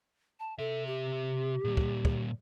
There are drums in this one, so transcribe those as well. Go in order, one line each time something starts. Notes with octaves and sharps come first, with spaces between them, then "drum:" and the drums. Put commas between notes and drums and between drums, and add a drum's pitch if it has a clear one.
A5
C3 A4 E5
G4
A#2 G3
drum: kick
drum: kick